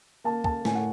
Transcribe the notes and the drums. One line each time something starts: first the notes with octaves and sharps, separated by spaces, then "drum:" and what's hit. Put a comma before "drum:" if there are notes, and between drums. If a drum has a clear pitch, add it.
A#3 A5
A5, drum: kick
A2 G#5, drum: snare
F#5